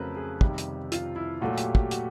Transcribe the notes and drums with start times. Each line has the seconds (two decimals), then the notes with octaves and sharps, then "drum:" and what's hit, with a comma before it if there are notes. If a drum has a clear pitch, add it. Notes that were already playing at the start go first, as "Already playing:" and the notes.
Already playing: F2 C#3 F#3 A3 A#4 B4
0.16 G#4
0.41 F2 C3 D#3 G3 G4, drum: kick
0.58 drum: hi-hat
0.92 F4, drum: hi-hat
1.16 E4
1.41 A#2 F#3 A3 F#4
1.58 G4, drum: hi-hat
1.75 G4, drum: kick
1.91 F#4, drum: hi-hat